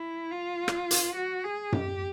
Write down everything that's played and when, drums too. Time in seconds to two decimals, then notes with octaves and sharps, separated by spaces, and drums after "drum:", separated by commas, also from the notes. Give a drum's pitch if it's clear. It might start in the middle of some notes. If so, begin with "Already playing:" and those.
Already playing: E4
0.31 F4
0.68 drum: rim click
0.91 drum: hi-hat
1.16 F#4
1.44 G#4
1.72 G4, drum: tom F#2